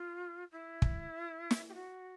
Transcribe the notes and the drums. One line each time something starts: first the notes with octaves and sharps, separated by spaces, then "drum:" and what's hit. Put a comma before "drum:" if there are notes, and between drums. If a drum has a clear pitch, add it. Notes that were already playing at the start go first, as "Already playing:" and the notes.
Already playing: F4
E4
drum: kick
drum: snare
G4
F#4